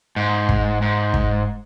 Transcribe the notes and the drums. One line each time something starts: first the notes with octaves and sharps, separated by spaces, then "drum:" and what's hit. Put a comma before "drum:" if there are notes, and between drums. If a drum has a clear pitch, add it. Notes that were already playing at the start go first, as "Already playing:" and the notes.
G#2
drum: kick
G#2
drum: kick